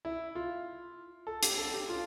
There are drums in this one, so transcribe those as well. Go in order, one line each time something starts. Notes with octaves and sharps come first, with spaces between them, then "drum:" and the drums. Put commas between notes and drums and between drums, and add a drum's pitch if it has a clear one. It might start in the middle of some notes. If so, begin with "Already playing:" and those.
E4
F4
A4
G4, drum: hi-hat
A4
G4
F4